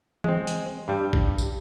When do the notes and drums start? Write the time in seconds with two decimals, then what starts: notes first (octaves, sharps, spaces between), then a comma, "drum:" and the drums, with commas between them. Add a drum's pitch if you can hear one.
0.24 G#3 C4, drum: tom E3
0.47 drum: hi-hat
0.88 G2 G3
1.13 drum: kick
1.38 drum: tambourine